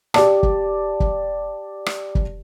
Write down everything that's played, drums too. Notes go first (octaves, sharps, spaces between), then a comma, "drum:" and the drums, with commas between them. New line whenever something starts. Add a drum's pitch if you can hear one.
G4 D5 A5, drum: rim click
drum: kick
drum: kick
drum: rim click
drum: kick